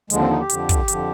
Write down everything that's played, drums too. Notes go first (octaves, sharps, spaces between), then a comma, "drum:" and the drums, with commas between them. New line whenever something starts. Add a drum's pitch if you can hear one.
D#2 D3 F3 G#3, drum: hi-hat
C4
D#4
G4
F2 D3 F3, drum: hi-hat
drum: kick, hi-hat
F2 D3 F3, drum: hi-hat